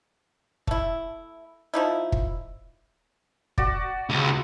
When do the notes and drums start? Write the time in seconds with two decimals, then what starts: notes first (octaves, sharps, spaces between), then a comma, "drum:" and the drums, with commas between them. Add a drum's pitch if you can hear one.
0.67 A3 E4, drum: kick
1.74 F3 D#4 E4
2.12 drum: kick
3.58 F#4 D5, drum: kick
4.10 C#2